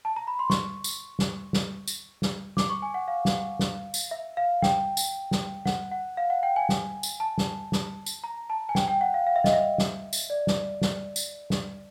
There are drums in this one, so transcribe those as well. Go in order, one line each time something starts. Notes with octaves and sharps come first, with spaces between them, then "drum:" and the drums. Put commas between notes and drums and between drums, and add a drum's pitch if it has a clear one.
A5
A#5
B5
C6
C#6, drum: snare
drum: tambourine
drum: snare
drum: snare
drum: tambourine
drum: snare
D6, drum: snare
C#6
G#5
F#5
F5
drum: snare
drum: snare
drum: tambourine
E5
F5
G5, drum: snare
drum: tambourine
drum: snare
F#5, drum: snare
F#5
F5
F#5
G5
G#5
drum: snare
drum: tambourine
A5
drum: snare
drum: snare
drum: tambourine
A#5
A5
G#5
G5, drum: snare
G5
F#5
F5
F5
E5
D#5, drum: snare
E5
drum: snare
drum: tambourine
D5
drum: snare
drum: snare
drum: tambourine
drum: snare